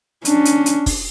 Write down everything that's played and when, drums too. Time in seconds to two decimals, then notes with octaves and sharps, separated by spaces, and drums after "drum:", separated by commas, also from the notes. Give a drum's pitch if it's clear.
0.25 C#4 D4, drum: hi-hat
0.45 drum: hi-hat
0.66 drum: hi-hat
0.86 drum: kick, open hi-hat